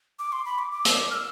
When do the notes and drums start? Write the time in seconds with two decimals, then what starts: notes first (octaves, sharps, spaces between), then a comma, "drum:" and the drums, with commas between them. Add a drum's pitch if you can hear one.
0.19 D6
0.32 C6
0.46 B5
0.59 D6
0.71 D6
0.85 E6, drum: hi-hat
0.97 D6
1.10 F6
1.14 E6